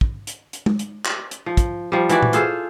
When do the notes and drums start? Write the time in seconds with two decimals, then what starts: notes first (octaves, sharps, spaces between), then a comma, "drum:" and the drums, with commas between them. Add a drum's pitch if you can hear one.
0.01 drum: kick
0.27 drum: hi-hat
0.53 drum: hi-hat
0.66 drum: tom
0.79 drum: hi-hat
1.05 drum: clap
1.31 drum: hi-hat
1.46 F3
1.57 drum: kick, hi-hat
1.92 F3 G3
2.09 E3 F#4 D5, drum: hi-hat
2.22 drum: tom A#2
2.33 F4 G#4 A4 C5, drum: hi-hat